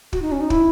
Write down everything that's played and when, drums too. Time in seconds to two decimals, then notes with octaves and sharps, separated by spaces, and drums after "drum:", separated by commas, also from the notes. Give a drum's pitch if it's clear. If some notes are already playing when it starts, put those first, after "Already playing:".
0.13 F#4, drum: kick
0.22 D#4
0.32 C#4
0.41 D#4
0.50 E4, drum: kick